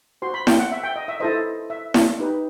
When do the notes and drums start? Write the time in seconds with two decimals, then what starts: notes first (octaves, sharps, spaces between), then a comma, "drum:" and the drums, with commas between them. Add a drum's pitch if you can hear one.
0.22 F#4 C5 C6
0.34 B5
0.47 G5, drum: snare E4
0.59 F#5
0.72 E5
0.84 G5
0.96 D#5
1.08 E5
1.20 E4 A4 C5 D#5
1.70 E5
1.94 drum: snare E4
2.19 D#4 G4 B4